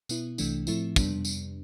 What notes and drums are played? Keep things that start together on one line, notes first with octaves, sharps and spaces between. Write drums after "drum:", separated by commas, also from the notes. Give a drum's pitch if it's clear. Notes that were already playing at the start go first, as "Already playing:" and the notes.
B2 B3 E4, drum: tambourine
C2 C3 E3 A3 D4, drum: tambourine
A2 F3 A3 C4 E4, drum: tambourine
F2 C3 G3 B3 D4, drum: kick, tambourine
drum: tambourine